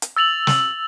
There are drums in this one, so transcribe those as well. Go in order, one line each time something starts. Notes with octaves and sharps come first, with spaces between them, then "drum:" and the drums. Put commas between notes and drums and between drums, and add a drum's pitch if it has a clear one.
drum: hi-hat
E6 A6 F7 F#7
drum: snare